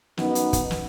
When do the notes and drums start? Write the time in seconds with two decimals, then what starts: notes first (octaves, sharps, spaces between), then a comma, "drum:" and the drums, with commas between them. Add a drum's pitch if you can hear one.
0.17 F#2 B3 D#4, drum: snare
0.35 drum: hi-hat
0.53 drum: kick, hi-hat
0.71 drum: snare